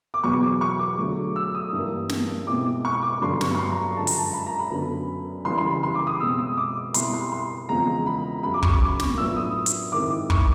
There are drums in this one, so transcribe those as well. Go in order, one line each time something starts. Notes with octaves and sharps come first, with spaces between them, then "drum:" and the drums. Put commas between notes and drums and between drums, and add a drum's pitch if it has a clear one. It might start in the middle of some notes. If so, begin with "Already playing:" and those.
D6
E2 B2 F#3 B3 C#6
D6
C#6
D6
D3 F#3 A3
E6
D#6
G2 E3 G3 A#3
drum: snare
B2 G#3 C4 E4 D6
C#6
D6
G2 D3 F#3 C6
C#6, drum: snare
C#6
C6
A#5
F#2 D3 F3 G#3 A5
A#5, drum: open hi-hat
A5
B5
A#5
B5
F#2 D3 F#3 B3
C#3 E3 G3 C6
C6
B5
C6
D6
D#6
B2 G#3 C4 E6
D#6
D6
B2 G3 C4 E4 C6, drum: hi-hat
C6
C6
E2 C#3 F3 G#3 C4 A#5
B5
F#2 C#3 F#3 B5
D6
C#6, drum: kick
D6
drum: snare
A2 F#3 B3 D4 F4 E6
D#6
drum: hi-hat
G#2 D#3 G#3 C4 E4 D6
C#6, drum: kick